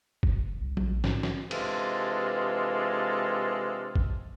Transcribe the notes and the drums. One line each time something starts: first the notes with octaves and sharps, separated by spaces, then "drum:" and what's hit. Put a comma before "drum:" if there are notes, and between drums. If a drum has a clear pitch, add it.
F#1, drum: kick F#1
C2
A#1, drum: tom F#3
G#2, drum: snare
drum: snare
C3 E3 G#3 D4 F4 A4, drum: cymbal
drum: kick F#1